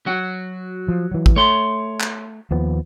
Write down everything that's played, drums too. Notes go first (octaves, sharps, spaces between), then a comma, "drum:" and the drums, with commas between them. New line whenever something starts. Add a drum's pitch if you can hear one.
F#3 F#4
F3
E3 F#3
drum: kick
A3 C#5 C6
drum: clap
D#2 F3 B3